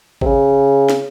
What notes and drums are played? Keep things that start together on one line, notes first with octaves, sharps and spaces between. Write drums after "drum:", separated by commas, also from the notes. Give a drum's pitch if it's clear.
C3, drum: kick G#1
C#3
drum: snare